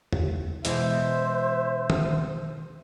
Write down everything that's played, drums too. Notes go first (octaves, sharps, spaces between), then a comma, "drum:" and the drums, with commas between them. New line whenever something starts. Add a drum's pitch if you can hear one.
drum: tom E2
B2 E3 G#3 C5 E5, drum: hi-hat
drum: tom